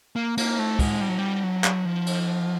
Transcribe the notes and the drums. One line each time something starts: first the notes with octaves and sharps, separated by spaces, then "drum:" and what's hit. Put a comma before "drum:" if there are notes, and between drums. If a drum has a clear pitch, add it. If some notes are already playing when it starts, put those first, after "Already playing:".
A#3
A#3, drum: cymbal
A3
G#3, drum: kick, cymbal
G3
F#3
G3
F#3
drum: clap
F3
drum: cymbal